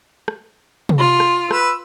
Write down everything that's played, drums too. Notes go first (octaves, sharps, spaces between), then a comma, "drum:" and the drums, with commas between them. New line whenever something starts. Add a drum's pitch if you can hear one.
drum: rim click
drum: tom C3
F4
drum: rim click
B4 E6, drum: rim click